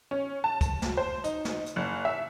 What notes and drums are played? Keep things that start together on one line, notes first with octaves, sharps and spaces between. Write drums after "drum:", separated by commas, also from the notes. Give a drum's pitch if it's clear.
C#4
A5
drum: kick, hi-hat
drum: snare
C5
D#4, drum: hi-hat
drum: snare
drum: hi-hat
F#1
E5